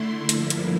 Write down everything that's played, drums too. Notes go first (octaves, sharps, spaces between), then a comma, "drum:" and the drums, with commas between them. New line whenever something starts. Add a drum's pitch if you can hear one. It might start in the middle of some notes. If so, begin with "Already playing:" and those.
Already playing: D3 A3 E4 C6
G2 D3 F3 A#3 E4, drum: hi-hat
drum: hi-hat